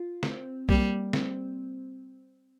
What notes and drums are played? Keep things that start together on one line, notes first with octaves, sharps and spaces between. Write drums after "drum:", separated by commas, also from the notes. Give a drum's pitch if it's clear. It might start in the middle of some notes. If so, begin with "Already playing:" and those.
Already playing: F4
C4, drum: snare
G3 A#3, drum: kick B1
C4, drum: snare